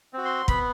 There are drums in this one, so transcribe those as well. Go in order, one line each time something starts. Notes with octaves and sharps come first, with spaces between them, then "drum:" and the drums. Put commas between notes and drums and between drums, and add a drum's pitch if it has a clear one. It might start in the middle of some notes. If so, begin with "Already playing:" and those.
C4 F#4
C6
B3 B5, drum: kick